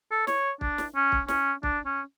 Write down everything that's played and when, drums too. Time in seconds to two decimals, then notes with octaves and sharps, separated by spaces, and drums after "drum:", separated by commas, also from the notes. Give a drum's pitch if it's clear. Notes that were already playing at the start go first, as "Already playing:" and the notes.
0.11 A4
0.27 C#5, drum: snare
0.61 D4, drum: kick
0.78 drum: snare
0.95 C#4
1.12 drum: kick
1.28 C#4, drum: snare
1.63 D4, drum: kick
1.85 C#4